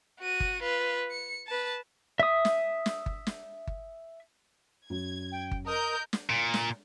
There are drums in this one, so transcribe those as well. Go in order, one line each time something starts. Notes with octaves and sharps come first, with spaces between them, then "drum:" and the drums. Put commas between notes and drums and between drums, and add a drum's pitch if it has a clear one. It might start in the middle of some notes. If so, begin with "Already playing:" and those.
F#4 D#7
drum: kick G1
F4 B4
C#7
B4 A5
E5 D#6
drum: snare
drum: snare
drum: kick G1
drum: snare
drum: kick G1
F#2 G#6
G5
drum: kick G1
A#4 D#5 D#6 G6
drum: snare
A#2
drum: snare